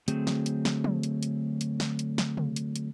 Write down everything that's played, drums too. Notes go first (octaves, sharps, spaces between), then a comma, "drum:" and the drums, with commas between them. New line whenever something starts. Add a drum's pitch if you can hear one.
D3 F#3 A3 C4 G#4, drum: hi-hat
drum: snare
drum: hi-hat
drum: snare
drum: tom
drum: hi-hat
drum: hi-hat
drum: hi-hat
drum: snare
drum: hi-hat
drum: snare
drum: tom
drum: hi-hat
drum: hi-hat